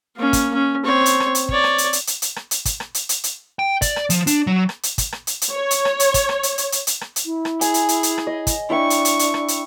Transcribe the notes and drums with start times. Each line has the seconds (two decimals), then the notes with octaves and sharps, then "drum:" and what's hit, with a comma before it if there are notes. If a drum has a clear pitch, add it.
0.16 A#3 C#4
0.33 drum: kick, hi-hat
0.54 C#4
0.84 C4 C#5
1.06 drum: hi-hat
1.20 drum: rim click
1.35 drum: hi-hat
1.49 C#5 D5, drum: kick
1.64 drum: rim click
1.78 drum: hi-hat
1.93 drum: hi-hat
2.07 drum: hi-hat
2.22 drum: hi-hat
2.36 drum: rim click
2.51 drum: hi-hat
2.65 drum: kick, hi-hat
2.80 drum: rim click
2.94 drum: hi-hat
3.09 drum: hi-hat
3.24 drum: hi-hat
3.59 G5
3.82 D5, drum: kick, hi-hat
3.96 drum: rim click
4.10 F3, drum: hi-hat
4.27 D4, drum: hi-hat
4.47 F#3
4.69 drum: rim click
4.83 drum: hi-hat
4.98 drum: kick, hi-hat
5.12 drum: rim click
5.27 drum: hi-hat
5.42 drum: hi-hat
5.52 C#5
5.71 drum: hi-hat
5.85 drum: rim click
6.00 drum: hi-hat
6.14 drum: kick, hi-hat
6.29 drum: rim click
6.43 drum: hi-hat
6.58 drum: hi-hat
6.72 drum: hi-hat
6.87 drum: hi-hat
7.01 drum: rim click
7.16 drum: hi-hat
7.26 E4
7.45 drum: rim click
7.61 G#4 G#5, drum: hi-hat
7.74 drum: hi-hat
7.89 drum: hi-hat
8.03 drum: hi-hat
8.18 drum: rim click
8.27 D#5
8.47 drum: kick, hi-hat
8.70 D4 E4 E5 G5 C#6
8.90 drum: hi-hat
9.05 drum: hi-hat
9.19 drum: hi-hat
9.34 drum: rim click
9.48 drum: hi-hat